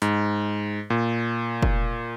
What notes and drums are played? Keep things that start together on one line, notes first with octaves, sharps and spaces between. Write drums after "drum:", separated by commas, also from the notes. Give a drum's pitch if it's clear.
G#2, drum: hi-hat
A#2
drum: kick